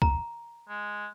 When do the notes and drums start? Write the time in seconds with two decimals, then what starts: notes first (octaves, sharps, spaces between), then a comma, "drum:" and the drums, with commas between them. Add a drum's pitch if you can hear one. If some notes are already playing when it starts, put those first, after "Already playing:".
0.02 A#5, drum: kick
0.68 G#3